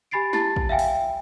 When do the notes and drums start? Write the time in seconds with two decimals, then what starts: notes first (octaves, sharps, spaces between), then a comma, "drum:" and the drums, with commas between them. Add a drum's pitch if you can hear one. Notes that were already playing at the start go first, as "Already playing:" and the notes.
0.11 G4 G#5 B5 A6 C7 D7
0.33 E4 G4 A5 A6, drum: snare
0.56 drum: kick
0.69 E5 F5 G5 G#5
0.79 drum: open hi-hat